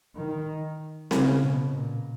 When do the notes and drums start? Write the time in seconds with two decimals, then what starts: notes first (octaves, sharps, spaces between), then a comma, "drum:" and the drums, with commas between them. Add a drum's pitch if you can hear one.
0.16 D#3
1.11 C#3, drum: snare C4
1.42 B2
1.74 A#2